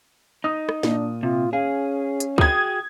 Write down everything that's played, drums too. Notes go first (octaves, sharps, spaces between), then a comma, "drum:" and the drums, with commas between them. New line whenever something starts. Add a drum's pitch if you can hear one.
D#4 D#6
drum: rim click
A#2 D4, drum: snare
C3 F4
C#4 G#4 F5
drum: hi-hat
F#4 G#4 G5 D#6 G#6, drum: kick C#2